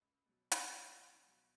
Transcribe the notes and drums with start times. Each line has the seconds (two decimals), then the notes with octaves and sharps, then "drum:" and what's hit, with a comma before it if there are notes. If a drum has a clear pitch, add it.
0.02 C#2
0.26 B2 F#3
0.52 C#2, drum: hi-hat
0.76 B2 F#3
1.00 C#2
1.25 B2 F#3